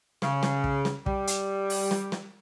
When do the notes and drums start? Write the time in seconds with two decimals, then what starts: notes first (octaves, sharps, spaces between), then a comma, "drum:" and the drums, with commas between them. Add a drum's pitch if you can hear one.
0.22 C#3, drum: snare
0.43 drum: snare
0.64 drum: kick
0.85 drum: snare
1.06 G3, drum: kick
1.27 drum: hi-hat
1.70 drum: open hi-hat
1.91 drum: snare
2.12 drum: snare